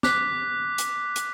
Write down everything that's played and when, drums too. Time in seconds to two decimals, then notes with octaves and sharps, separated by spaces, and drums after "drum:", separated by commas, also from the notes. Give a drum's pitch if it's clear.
0.03 D6 F#6 B6, drum: snare
0.78 drum: hi-hat
1.16 drum: hi-hat